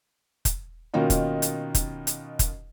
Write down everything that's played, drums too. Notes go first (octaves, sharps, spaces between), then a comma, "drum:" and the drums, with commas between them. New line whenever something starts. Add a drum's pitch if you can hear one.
drum: kick F1, hi-hat
B2 D#3 A#3 C#4 D#4 F4
drum: kick F1, hi-hat
drum: hi-hat
drum: kick F1, hi-hat
drum: hi-hat
drum: kick F1, hi-hat